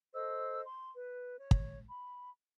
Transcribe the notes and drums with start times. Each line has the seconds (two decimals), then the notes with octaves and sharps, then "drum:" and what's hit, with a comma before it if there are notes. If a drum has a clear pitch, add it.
0.14 A4 C5 D#5 E6
0.65 C6
0.95 B4
1.41 C#5
1.51 drum: kick
1.89 B5